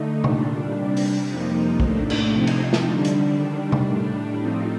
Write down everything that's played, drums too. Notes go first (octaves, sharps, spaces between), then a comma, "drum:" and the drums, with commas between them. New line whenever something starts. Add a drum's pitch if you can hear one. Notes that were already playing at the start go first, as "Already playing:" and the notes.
Already playing: D3 A3 D#4
A#2 G3 D4, drum: tom C3
C3 G3 D4
drum: open hi-hat
F2 C3 F3 A#3 D#4
A2 A3 D4, drum: kick A#1
drum: cymbal
C3 F3 C4 D#4
drum: cymbal
drum: snare
D3 G3 D4
drum: hi-hat
D#3 G3 D4
drum: tom C3
A2 G3 D4
A2 F3 C4 D#4